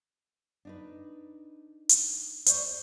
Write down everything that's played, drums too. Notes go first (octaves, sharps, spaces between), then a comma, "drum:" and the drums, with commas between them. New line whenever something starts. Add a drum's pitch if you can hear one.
D4 D#4 B4
drum: hi-hat
C5 D5 C#6 G6, drum: hi-hat